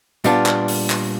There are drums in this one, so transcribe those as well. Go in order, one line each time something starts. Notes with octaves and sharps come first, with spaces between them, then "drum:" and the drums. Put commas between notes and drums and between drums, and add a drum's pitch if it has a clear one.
A#2 G3 B3 D4 F4, drum: hi-hat
drum: clap
drum: open hi-hat
drum: clap